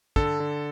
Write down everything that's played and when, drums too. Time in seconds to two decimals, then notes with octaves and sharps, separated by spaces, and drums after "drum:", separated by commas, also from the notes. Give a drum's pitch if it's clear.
0.16 D3 A4, drum: kick
0.40 D3